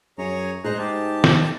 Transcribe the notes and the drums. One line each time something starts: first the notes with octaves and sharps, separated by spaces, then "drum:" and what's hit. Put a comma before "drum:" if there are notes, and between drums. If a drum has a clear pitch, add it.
F#2 G#4 C#5 A#5
G#2 G#3 D#4 G#4 C5 A#5 F#6
G4 A5
drum: snare